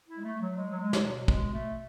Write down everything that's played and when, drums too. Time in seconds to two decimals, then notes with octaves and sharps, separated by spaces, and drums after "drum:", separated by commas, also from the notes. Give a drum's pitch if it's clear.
0.08 E4
0.17 G#3
0.24 A3
0.40 F#3
0.57 G#3
0.70 F#3
0.80 G#3
0.93 drum: snare
1.04 B2 F#3
1.28 G#3, drum: kick
1.54 A3